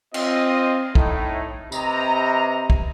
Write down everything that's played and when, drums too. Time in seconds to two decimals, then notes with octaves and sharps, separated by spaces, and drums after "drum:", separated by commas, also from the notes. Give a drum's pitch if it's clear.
0.14 C4 F4 D#5, drum: cymbal
0.95 A2 D#4, drum: kick
1.72 C3 B4 D#5 A#5, drum: tambourine
2.70 drum: kick